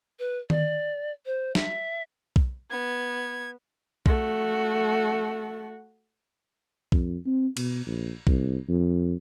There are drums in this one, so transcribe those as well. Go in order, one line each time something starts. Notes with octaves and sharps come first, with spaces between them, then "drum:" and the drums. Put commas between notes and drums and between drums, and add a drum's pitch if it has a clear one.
B4
D5, drum: tom D#3
C5
E5, drum: snare
drum: kick B1
B3 G#6
A3 F#4, drum: kick B1
F2, drum: kick B1
C4
B2, drum: cymbal
A#1
C2, drum: kick B1
F2